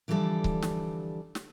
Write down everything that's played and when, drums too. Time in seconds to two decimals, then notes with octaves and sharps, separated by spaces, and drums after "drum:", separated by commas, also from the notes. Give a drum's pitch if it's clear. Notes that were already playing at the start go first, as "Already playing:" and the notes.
0.08 D3 E3 F3 G3 A4 D5
0.44 drum: kick C#1
0.62 drum: snare
1.35 drum: snare